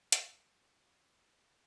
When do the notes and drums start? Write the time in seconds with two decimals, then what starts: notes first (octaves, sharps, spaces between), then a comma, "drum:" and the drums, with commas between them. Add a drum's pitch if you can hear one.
0.12 G5 A5, drum: hi-hat